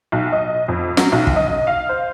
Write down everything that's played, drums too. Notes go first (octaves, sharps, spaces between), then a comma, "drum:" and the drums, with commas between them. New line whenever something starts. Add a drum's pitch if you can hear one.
B1
D#5
F2
F#3, drum: snare
B1
drum: kick
D#5
F5
C5